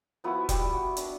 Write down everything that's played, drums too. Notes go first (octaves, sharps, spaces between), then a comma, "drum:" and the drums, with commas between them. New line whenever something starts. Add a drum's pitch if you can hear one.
F3 B3 E4 F#4
G3, drum: kick E1, hi-hat
F#4
D4 B4, drum: hi-hat